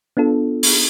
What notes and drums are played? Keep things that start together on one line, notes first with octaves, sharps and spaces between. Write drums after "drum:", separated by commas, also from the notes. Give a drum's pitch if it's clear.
B3 D4 F4 A4
drum: open hi-hat